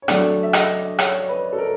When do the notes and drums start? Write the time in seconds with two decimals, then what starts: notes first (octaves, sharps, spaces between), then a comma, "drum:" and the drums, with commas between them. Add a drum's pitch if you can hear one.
0.02 C#5
0.08 F#3 A3 D4 D5, drum: rim click
0.43 E5
0.53 D#5, drum: rim click
0.98 C#5, drum: rim click
1.29 B4
1.53 A4
1.58 A#4